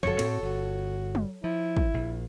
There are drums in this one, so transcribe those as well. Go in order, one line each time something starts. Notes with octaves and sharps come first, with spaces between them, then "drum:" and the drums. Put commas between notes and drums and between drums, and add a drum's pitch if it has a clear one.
G1 F#2 F3 F#4 A4 C#5
A2 C4, drum: cymbal
G1 F#4
drum: tom
F3 E4
drum: kick
A#1